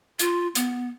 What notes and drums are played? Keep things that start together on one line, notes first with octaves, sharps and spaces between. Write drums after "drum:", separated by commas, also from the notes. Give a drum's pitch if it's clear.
F4, drum: hi-hat
B3, drum: hi-hat